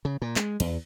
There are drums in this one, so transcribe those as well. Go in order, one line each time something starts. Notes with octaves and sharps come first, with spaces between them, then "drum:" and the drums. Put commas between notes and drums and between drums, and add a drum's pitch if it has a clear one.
C#3
A#2
G#3, drum: clap
E2, drum: cymbal